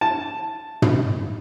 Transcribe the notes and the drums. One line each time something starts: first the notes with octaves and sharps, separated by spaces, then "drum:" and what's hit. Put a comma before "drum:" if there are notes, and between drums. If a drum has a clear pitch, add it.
A5
drum: tom